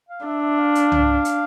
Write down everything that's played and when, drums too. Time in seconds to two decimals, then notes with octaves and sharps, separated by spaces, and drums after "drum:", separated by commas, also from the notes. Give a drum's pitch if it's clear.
0.09 F5
0.26 D4 E5
0.42 E5
0.59 F5
0.75 drum: hi-hat
0.92 drum: tom
1.25 drum: hi-hat